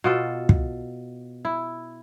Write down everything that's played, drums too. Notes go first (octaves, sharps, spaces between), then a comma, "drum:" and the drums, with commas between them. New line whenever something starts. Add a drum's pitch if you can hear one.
B2 F4 A4
drum: kick
E4